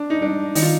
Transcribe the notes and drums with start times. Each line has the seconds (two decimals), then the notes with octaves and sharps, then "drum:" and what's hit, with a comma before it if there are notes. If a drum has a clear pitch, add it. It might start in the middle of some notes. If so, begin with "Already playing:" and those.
Already playing: D4
0.10 D#4
0.21 G3 D4
0.55 D#3 D#4, drum: open hi-hat
0.62 F4